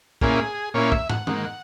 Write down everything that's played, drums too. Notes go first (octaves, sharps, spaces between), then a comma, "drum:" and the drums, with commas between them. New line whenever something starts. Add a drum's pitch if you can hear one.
A#2 A#3 C#4 E4 G#4, drum: kick
A#2 A#3 C#4 E4 C#5
E5, drum: kick
F#5, drum: tom
G#2 D#3 A#3, drum: tom